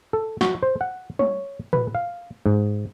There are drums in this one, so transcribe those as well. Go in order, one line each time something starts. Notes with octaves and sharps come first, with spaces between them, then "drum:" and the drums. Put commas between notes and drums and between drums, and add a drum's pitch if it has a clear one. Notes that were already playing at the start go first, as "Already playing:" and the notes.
A4
F#4, drum: snare
C5
F#5
C#5, drum: tom
B4, drum: tom
F5
G#2